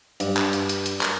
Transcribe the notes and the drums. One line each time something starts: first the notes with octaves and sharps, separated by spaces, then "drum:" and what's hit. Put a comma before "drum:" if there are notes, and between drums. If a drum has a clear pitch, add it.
G2, drum: hi-hat
drum: clap
drum: hi-hat
drum: hi-hat
drum: hi-hat
A#4, drum: clap